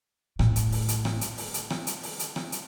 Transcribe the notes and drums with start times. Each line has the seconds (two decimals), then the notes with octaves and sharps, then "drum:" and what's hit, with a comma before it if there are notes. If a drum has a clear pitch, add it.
0.39 A2, drum: rim click
0.56 drum: hi-hat
0.72 drum: open hi-hat
0.88 drum: hi-hat
1.05 drum: rim click
1.21 drum: hi-hat
1.38 drum: open hi-hat
1.54 drum: hi-hat
1.70 drum: rim click
1.87 drum: hi-hat
2.03 drum: open hi-hat
2.19 drum: hi-hat
2.36 drum: rim click
2.52 drum: hi-hat